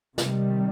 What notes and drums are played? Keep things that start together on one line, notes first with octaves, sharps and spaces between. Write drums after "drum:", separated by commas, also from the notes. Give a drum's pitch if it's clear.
C3 D#3 G3, drum: snare